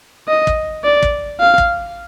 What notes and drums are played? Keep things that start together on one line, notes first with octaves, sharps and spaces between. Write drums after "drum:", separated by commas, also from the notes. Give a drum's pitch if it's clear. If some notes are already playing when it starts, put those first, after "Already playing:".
D#5
drum: kick
D5
drum: kick
F5
drum: kick